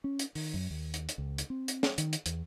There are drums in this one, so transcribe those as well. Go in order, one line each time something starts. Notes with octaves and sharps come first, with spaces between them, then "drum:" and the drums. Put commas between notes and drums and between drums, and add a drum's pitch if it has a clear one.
C#4
drum: hi-hat
D#3, drum: open hi-hat
F#2
D#2
drum: hi-hat
drum: hi-hat
C#2
drum: hi-hat
C4
drum: hi-hat
drum: snare
D#3, drum: hi-hat
drum: hi-hat
E2, drum: hi-hat